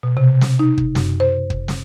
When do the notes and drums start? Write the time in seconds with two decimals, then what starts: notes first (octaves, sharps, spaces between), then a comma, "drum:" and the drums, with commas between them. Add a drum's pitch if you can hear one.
0.03 B2
0.17 C3
0.41 drum: snare
0.59 D#4
0.78 drum: kick
0.95 F#2, drum: snare
1.20 C5
1.50 drum: kick
1.68 drum: snare